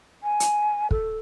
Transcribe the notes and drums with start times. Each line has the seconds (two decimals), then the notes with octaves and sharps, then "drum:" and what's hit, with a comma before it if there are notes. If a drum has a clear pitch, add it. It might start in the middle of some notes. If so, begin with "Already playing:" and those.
0.23 G#5
0.40 drum: hi-hat
0.91 A4, drum: kick